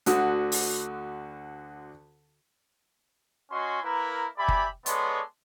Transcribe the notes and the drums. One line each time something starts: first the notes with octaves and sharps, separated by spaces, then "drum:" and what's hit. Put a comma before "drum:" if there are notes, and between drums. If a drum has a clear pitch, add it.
D2 D3 F#4 D#6, drum: hi-hat
drum: open hi-hat
C#4 F#4 D#5 G#5 C6
A#3 E4 A#4 B4 A#5
G4 D5 E5 G#5 B5
drum: kick F#1
G#3 B3 A4 C#5 D5 C6, drum: hi-hat